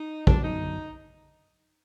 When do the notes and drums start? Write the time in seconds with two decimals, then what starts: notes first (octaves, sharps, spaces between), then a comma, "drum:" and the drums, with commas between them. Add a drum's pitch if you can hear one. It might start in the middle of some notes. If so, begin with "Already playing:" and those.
Already playing: D#4
0.27 F#2 D3 F#3 B3 D4, drum: kick
0.43 D#4